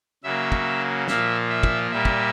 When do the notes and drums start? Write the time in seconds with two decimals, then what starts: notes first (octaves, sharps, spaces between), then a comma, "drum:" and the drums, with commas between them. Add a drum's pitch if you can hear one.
0.23 C#3 F#3 A#3 E5
0.52 drum: kick
1.08 A#2 F3 A#3 E5, drum: snare
1.50 E5
1.63 drum: kick
1.91 A#2 G3 A#3 E5
2.05 drum: kick